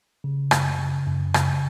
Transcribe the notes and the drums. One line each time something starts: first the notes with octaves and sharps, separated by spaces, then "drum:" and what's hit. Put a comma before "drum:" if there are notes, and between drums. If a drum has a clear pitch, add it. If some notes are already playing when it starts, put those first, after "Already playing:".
C#3
F#2, drum: rim click
C#3
F#2
C#3, drum: rim click